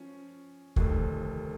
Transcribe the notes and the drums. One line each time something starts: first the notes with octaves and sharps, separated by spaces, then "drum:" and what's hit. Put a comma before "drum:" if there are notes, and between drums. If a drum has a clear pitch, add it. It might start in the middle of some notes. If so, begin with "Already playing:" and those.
Already playing: F3 C#4
F1 D#2 D3 F3, drum: kick